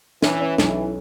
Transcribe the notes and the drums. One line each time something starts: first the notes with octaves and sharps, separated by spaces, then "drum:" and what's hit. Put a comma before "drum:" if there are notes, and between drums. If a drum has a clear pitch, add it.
E3 C#4, drum: snare
C#4
B1 E3, drum: snare